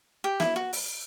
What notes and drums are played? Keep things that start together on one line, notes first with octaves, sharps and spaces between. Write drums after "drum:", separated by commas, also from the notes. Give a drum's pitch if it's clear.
G4
E4, drum: snare
F#4
drum: open hi-hat